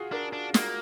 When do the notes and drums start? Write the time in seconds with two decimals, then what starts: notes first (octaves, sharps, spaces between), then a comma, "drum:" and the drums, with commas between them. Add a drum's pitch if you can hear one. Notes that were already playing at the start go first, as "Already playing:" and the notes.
Already playing: F4 F#4 G#4
0.12 D4 A#4
0.33 D4
0.54 A#3, drum: snare